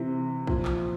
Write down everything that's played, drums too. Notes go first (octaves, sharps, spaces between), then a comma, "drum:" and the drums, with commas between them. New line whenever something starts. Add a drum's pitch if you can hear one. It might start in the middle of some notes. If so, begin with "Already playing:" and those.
Already playing: C3 E3
A#2 F3, drum: kick
drum: clap